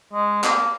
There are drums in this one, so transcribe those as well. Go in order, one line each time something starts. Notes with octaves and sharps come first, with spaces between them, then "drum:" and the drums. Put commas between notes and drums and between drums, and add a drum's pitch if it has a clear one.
G#3
A#3, drum: clap